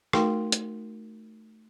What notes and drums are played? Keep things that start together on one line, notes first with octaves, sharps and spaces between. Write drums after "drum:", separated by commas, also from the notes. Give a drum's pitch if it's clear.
A3 D#4 F#4 A#4 G5 C6, drum: rim click
drum: hi-hat